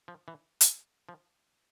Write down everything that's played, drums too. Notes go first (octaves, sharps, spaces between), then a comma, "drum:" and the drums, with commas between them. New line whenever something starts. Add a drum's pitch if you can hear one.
F3
E3
drum: hi-hat
F3